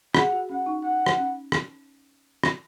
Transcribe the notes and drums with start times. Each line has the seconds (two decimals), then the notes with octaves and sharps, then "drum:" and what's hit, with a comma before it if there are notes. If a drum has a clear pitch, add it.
0.15 G#4 F#5, drum: rim click
0.32 F#4
0.50 C#4 F#5
0.66 D#4
0.83 F#5
1.06 drum: rim click
1.18 C#4
1.52 drum: rim click
2.43 drum: rim click